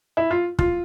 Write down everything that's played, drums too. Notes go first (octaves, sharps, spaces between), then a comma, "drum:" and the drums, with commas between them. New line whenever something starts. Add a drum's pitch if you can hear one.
E4
F4
F4, drum: kick